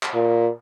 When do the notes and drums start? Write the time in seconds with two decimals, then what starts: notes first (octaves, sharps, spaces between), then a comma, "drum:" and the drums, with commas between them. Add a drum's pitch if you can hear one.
0.03 drum: clap
0.14 A#2